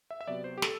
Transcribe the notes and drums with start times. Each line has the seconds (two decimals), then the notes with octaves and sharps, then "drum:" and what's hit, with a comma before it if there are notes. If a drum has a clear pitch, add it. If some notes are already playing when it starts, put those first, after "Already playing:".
0.11 E5
0.21 E5
0.27 C3 F#3 B3 D5
0.44 C5
0.58 G4
0.62 A4, drum: snare